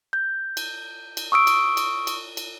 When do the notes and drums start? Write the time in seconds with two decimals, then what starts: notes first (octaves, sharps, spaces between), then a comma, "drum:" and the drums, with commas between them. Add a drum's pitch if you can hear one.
0.13 G6
0.57 drum: cymbal
1.17 drum: cymbal
1.32 C#6 D#6 E6 D7
1.47 drum: cymbal
1.77 drum: cymbal
2.07 drum: cymbal
2.37 drum: cymbal